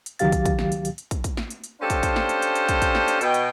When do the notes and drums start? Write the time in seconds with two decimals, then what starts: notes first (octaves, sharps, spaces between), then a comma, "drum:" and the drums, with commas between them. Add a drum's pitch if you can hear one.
0.06 drum: hi-hat
0.19 C#2 D#3 F#3 G4 F5 A6, drum: hi-hat
0.32 drum: kick, hi-hat
0.46 drum: kick, hi-hat
0.59 drum: snare
0.72 drum: hi-hat
0.85 drum: hi-hat
0.98 drum: hi-hat
1.11 drum: kick, hi-hat
1.24 drum: kick, hi-hat
1.37 drum: snare
1.50 drum: hi-hat
1.64 drum: hi-hat
1.80 C#4 D4 G4 A4 C5 F5
1.90 drum: kick, hi-hat
2.03 drum: kick, hi-hat
2.16 drum: snare
2.29 drum: hi-hat
2.42 drum: hi-hat
2.55 drum: hi-hat
2.69 drum: kick, hi-hat
2.82 drum: kick, hi-hat
2.95 drum: snare
3.08 drum: hi-hat
3.21 B2 G5, drum: hi-hat
3.34 drum: hi-hat